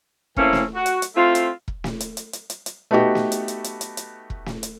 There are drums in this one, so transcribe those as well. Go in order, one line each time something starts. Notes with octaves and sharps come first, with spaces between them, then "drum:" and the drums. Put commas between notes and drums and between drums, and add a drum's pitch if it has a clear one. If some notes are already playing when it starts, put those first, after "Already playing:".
E3 A3 A#3 C4 C#4 E4, drum: kick E1
drum: snare
F#4
drum: hi-hat
drum: hi-hat
A3 C4 E4 F4
drum: hi-hat
drum: kick E1
drum: snare
drum: hi-hat
drum: hi-hat
drum: hi-hat
drum: hi-hat
drum: hi-hat
A3 B3 D#4 F#4 G4
drum: snare
drum: hi-hat
drum: hi-hat
drum: hi-hat
drum: hi-hat
drum: hi-hat
drum: kick E1
drum: snare
drum: hi-hat